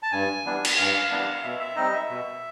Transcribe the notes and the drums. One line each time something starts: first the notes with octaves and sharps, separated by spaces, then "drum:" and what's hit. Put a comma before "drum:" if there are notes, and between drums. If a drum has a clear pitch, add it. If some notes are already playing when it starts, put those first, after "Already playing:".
A5
G2 G#5
E3 G3 B3 D4
drum: cymbal
G2 F5
E3 G3 B3 D4
B2 E5
E5
G3 C4 D#4 D#5
E5
B2